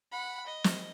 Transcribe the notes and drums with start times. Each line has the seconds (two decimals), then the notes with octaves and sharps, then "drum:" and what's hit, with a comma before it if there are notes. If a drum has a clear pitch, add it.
0.12 F#5 B5
0.47 D#5
0.64 drum: snare